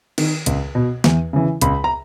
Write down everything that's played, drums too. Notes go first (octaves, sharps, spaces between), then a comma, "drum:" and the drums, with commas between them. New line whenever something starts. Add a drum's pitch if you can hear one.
D#3, drum: cymbal
C#2, drum: hi-hat
B2
E2, drum: snare
C#3 E3
C#2 B5, drum: hi-hat
A#5